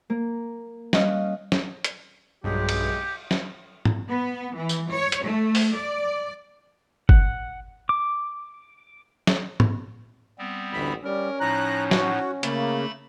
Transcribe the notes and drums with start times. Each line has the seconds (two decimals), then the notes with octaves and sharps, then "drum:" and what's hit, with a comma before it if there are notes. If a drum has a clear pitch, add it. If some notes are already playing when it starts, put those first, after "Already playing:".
0.10 A#3
0.93 G3 C#4 D#5 F5 F#6, drum: snare
1.52 drum: snare
1.84 drum: hi-hat
2.44 B1 G2 F#3 G#3 G4
2.69 drum: cymbal
3.31 drum: snare
3.85 drum: tom G#2
4.08 B3
4.55 E3
4.69 drum: tambourine
4.91 C#5
5.12 drum: hi-hat
5.25 A3
5.55 drum: open hi-hat
5.75 D5
7.09 F#5, drum: kick G1
7.89 D6
9.27 drum: snare
9.60 drum: tom G#2
10.38 G3 B3 C4
10.73 A1 D2 B5
11.04 G3 C#4 A#4
11.40 A2 F3 D#4 A#5 F#6
11.91 F#4, drum: snare
12.43 C#3 A3 A#3 B5 A6, drum: hi-hat